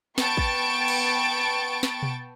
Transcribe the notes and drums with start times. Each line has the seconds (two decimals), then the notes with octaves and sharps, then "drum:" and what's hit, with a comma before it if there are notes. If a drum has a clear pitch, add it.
0.18 B3 G5 A5 C#6 A6 D7, drum: snare
0.37 drum: kick
0.88 drum: cymbal
1.83 drum: snare
2.03 drum: tom B2